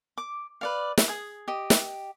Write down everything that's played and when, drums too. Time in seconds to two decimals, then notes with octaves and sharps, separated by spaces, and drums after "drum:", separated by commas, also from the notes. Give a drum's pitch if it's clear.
0.18 D6
0.61 B4 D5 F5
0.98 drum: snare
1.08 G#4 D#6
1.48 G4 D#5
1.70 drum: snare